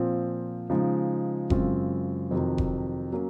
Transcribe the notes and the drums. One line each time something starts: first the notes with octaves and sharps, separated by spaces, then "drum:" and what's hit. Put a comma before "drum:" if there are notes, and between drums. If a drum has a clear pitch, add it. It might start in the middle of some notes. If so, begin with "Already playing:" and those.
Already playing: A#2 F3 C4
C#3 F3 G#3 D#4
F#2 C#3 G#3 C4 F4, drum: kick F1
F2 C3 D#3 F#3
drum: kick F1
F#3 A#3 C#4